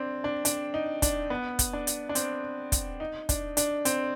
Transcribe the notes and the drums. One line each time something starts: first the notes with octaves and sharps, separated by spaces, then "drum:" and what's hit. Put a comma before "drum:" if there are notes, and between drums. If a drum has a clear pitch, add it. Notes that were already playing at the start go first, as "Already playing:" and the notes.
Already playing: C4 D4
D4
D4, drum: hi-hat
D#4
D4, drum: kick, hi-hat
B3
drum: kick, hi-hat
D4
drum: hi-hat
D4
C4, drum: hi-hat
drum: kick, hi-hat
D#4
D4, drum: kick, hi-hat
D4, drum: hi-hat
C4, drum: hi-hat